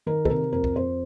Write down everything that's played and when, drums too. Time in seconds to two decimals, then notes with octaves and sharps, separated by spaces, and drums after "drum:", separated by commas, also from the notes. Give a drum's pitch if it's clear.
0.06 D#3 A#4
0.25 A4, drum: kick
0.30 C3 A#4
0.52 F2 A#4
0.64 drum: kick
0.76 F2 C5